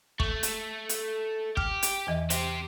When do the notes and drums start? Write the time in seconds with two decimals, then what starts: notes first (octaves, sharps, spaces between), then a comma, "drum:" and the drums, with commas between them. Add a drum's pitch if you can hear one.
0.20 A3 C#6, drum: kick
0.43 drum: hi-hat
0.89 drum: hi-hat
1.57 G4 F6, drum: kick
1.83 drum: hi-hat
2.07 E2 E3 D#5
2.30 C4 G4 E5, drum: hi-hat